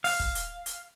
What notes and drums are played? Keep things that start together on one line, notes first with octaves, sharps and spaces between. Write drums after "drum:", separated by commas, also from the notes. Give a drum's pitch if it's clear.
F5, drum: open hi-hat
drum: kick
drum: hi-hat
drum: hi-hat